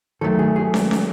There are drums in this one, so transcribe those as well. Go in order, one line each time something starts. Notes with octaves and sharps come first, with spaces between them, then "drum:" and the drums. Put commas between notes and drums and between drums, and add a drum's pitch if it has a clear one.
D#3 F#3 A3 A4
G#4
G#4
drum: snare
drum: snare